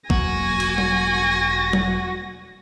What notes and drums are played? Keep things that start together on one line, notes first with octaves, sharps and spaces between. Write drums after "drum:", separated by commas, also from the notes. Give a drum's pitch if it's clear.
E1 F#3 A#3 F#4 G#5 A#6, drum: kick
drum: cymbal
drum: tom F#3
drum: tom F#3